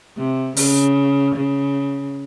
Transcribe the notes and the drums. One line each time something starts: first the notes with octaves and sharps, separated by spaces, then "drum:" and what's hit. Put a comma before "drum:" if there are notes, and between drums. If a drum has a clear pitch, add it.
C3
C#3, drum: open hi-hat
C#3